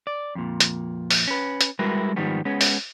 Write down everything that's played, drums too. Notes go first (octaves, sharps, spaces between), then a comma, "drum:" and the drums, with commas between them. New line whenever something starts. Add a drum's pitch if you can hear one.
D5
F2 A#2
drum: hi-hat
drum: open hi-hat
C#4 B4
drum: hi-hat
G3 G#3 E4 F#4 A#4 B4
G#2 D#3 F3 G3 B3
G#3 B3 C#4
drum: open hi-hat